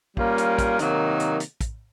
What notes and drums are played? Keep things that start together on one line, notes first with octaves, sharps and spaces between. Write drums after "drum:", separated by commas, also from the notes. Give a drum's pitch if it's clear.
G3 A#3 C#4 F4 A#4, drum: kick
drum: hi-hat
drum: kick, hi-hat
C3 D#3 F#3 A#3 D#4, drum: hi-hat
drum: hi-hat
drum: hi-hat
drum: kick, hi-hat